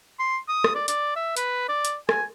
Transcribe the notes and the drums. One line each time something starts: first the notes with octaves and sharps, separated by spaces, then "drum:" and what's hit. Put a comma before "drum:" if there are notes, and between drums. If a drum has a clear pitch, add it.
C6
D#6
drum: rim click
D5
D5, drum: hi-hat
E5
B4, drum: hi-hat
D5
drum: hi-hat
G#5, drum: rim click